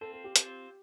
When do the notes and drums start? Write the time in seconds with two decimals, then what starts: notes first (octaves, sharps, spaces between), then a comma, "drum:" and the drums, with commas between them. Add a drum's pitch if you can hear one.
0.01 C4 F4 A4 C5
0.13 A4
0.24 G4
0.36 C4 F4 C5, drum: hi-hat